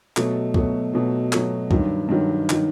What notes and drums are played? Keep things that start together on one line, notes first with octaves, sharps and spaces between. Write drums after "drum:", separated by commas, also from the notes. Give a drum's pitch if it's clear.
B2 F#3 A3, drum: clap
B2 F#3 A3, drum: kick C#2
B2 F#3 A3
B2 F#3 A3, drum: clap
G2 D#3 F#3, drum: kick C#2
G2 D#3 F#3
D#3 F#3, drum: clap